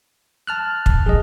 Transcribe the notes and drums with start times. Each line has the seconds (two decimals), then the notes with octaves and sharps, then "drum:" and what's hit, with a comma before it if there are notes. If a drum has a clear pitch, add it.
0.47 A5 F6 F#6
0.86 drum: kick
1.06 G#1 D2 G#4 D#5